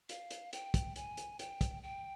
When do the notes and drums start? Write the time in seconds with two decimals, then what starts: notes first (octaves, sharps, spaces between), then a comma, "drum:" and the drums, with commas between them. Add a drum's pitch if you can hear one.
0.09 F5, drum: hi-hat
0.31 drum: hi-hat
0.53 G5, drum: hi-hat
0.74 drum: kick, hi-hat
0.96 G#5, drum: hi-hat
1.17 drum: hi-hat
1.39 G5, drum: hi-hat
1.61 drum: kick, hi-hat
1.83 G5